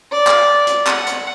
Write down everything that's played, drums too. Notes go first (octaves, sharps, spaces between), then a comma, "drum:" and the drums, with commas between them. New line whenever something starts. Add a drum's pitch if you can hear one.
D5
drum: clap
drum: hi-hat
F#5, drum: clap
drum: hi-hat